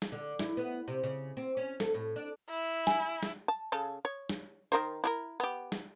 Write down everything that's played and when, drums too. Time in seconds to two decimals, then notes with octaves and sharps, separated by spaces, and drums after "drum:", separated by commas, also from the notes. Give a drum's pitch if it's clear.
0.02 drum: snare
0.12 D3
0.39 E4, drum: snare
0.57 B3
0.88 C3
1.04 C#3
1.37 C4
1.57 C#4
1.80 A4, drum: snare
1.94 A2
2.16 D4
2.49 E4
2.87 G#5, drum: snare
3.23 drum: snare
3.48 A5
3.72 C#3 A4 A5
4.05 C#5
4.29 drum: snare
4.72 D#3 A#4 C5
5.04 E4 F#4 A#4
5.40 B3 G4
5.72 drum: snare